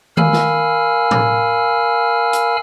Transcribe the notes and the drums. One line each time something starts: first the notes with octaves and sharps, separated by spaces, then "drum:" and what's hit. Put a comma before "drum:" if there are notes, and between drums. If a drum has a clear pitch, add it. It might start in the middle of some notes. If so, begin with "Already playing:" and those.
A#4 F5 G#5 B5 E6 F6, drum: tom D#3
drum: snare
drum: tom A2
drum: hi-hat